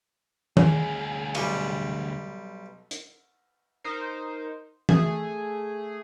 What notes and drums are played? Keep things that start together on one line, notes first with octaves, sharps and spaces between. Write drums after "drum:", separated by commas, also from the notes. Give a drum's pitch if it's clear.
D2 G#4, drum: tom
B1 G3, drum: cymbal
drum: hi-hat
D#4 A#4 C5
A3 G#4, drum: tom E3